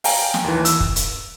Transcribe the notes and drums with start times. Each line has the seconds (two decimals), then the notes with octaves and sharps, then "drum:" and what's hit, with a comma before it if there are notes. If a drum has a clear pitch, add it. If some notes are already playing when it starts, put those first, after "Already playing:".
0.04 F5 G5 G#5 A#5, drum: open hi-hat
0.34 drum: snare
0.44 D#2 E3
0.65 E6, drum: hi-hat
0.80 drum: kick
0.96 drum: hi-hat